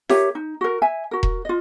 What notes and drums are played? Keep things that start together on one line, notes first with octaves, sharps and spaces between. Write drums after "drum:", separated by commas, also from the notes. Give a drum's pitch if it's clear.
G4 A#4 C#5 E5, drum: snare
D#4
F#4 A#4
E5 G#5
F#4 A#4
drum: kick E1
F4 D#5